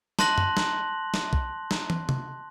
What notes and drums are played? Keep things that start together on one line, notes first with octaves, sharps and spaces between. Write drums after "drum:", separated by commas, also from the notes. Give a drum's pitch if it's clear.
A5 C6 F#6 A#6 F#7, drum: snare
drum: tom F#2
drum: snare
drum: snare
drum: kick B1
drum: snare
drum: tom
drum: tom